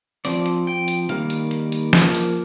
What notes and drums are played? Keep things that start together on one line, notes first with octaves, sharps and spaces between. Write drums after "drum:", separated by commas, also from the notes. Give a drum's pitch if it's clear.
F3 C4 D5, drum: open hi-hat
drum: hi-hat
G5
drum: hi-hat
D#3 G3 A#3 F5, drum: hi-hat
drum: hi-hat
drum: hi-hat
drum: hi-hat
F3 A#3, drum: snare
drum: open hi-hat